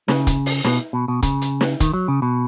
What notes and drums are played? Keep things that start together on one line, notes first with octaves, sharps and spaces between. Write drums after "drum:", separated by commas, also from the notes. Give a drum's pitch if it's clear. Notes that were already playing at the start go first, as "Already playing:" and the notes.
C#3, drum: snare
drum: kick, hi-hat
drum: open hi-hat
B2, drum: snare
B2
B2
C#3, drum: kick, hi-hat
drum: hi-hat
drum: snare
D#3, drum: kick, hi-hat
F#3
C#3
B2